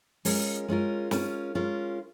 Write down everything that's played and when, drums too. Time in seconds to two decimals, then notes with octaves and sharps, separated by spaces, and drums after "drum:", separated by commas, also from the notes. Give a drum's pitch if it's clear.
0.25 G#3 C#4 F4 A#4, drum: open hi-hat
0.68 G#3 C#4 F4 A#4
1.11 G#3 C#4 F4 A#4, drum: snare
1.55 G#3 C#4 F4 A#4